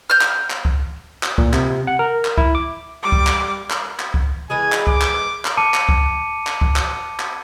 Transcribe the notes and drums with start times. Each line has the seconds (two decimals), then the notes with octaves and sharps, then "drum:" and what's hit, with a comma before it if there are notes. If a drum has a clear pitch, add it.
0.10 F6 G6
0.21 drum: clap
0.50 drum: clap
0.65 drum: kick C#2
1.23 drum: clap
1.38 A#2, drum: kick C#2
1.53 C3, drum: clap
1.87 F#5
1.99 A#4
2.25 drum: clap
2.38 E4, drum: kick C#2
2.55 D6
3.03 G3 D6
3.12 drum: kick C#2
3.27 drum: clap
3.70 drum: clap
4.00 drum: clap
4.14 drum: kick C#2
4.50 E3 G#3 G#4 G#5
4.72 drum: clap
4.87 D6, drum: kick C#2
5.01 drum: clap
5.45 drum: clap
5.57 A5 D6 C#7 D#7
5.74 drum: clap
5.89 drum: kick C#2
6.47 drum: clap
6.61 drum: kick C#2
6.76 drum: clap
7.20 drum: clap